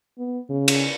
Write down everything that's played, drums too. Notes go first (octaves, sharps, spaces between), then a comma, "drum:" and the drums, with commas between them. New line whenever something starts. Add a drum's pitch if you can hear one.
B3
C#3
drum: cymbal